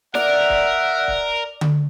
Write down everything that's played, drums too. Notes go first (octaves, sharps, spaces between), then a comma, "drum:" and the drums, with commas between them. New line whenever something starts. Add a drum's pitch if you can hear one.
A#4 D5 E5 F#5, drum: snare
drum: kick C#1
drum: kick C#1
drum: tom D3